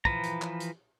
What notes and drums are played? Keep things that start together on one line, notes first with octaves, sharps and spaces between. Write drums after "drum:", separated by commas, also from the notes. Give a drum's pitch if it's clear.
E3 F3 B4 A#5, drum: kick
drum: hi-hat
drum: clap
drum: hi-hat